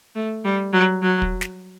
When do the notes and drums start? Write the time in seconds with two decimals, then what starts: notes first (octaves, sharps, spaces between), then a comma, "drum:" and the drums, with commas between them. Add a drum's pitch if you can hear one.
0.16 A3
0.45 G3
0.73 F#3
1.02 F#3
1.22 drum: kick
1.41 drum: snare